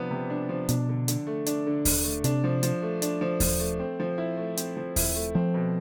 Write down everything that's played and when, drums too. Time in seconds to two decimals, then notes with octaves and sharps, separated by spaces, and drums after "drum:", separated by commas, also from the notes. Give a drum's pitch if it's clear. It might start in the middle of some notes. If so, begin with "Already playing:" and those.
Already playing: C3 F3 B3 D4
0.11 C3
0.30 D4
0.49 F3
0.69 B2 D4, drum: hi-hat
0.89 D3
1.08 D3, drum: hi-hat
1.27 A3
1.46 D4, drum: hi-hat
1.67 D3
1.85 D3, drum: kick D#2, open hi-hat
2.04 A3
2.24 C3 D4, drum: hi-hat
2.44 F3
2.63 F3, drum: hi-hat
2.82 A3
3.02 D4, drum: hi-hat
3.21 F3
3.40 F3, drum: kick D#2, open hi-hat
3.60 A3
3.79 C4
4.00 F3
4.18 E4
4.37 A3
4.57 C4, drum: hi-hat
4.77 F3
4.96 E4, drum: kick D#2, open hi-hat
5.15 A3
5.35 F3 C4
5.54 B2